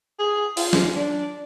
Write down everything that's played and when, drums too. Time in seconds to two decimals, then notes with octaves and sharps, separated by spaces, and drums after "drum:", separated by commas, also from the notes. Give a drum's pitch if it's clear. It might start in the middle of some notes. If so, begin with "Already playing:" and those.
0.19 G#4
0.57 F4, drum: open hi-hat
0.73 drum: snare
0.95 D4